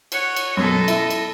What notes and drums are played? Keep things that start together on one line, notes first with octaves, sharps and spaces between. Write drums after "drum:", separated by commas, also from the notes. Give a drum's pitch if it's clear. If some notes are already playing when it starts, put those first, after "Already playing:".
C#5 F#5, drum: cymbal
drum: cymbal
F#2 B2 A4 D#5
E4, drum: cymbal
drum: cymbal